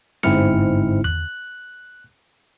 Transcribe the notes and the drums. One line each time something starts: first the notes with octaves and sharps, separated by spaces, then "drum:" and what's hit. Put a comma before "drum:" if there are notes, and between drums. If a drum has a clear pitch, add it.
G1 G#2 C4 E4 F6 C#7, drum: snare C4
F#6, drum: tom E2